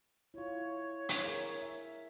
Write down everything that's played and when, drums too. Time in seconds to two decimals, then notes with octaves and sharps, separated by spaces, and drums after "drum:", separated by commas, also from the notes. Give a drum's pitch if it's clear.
0.34 E4 F4 C#5
1.09 drum: hi-hat
1.24 G#4 A#4
1.62 E5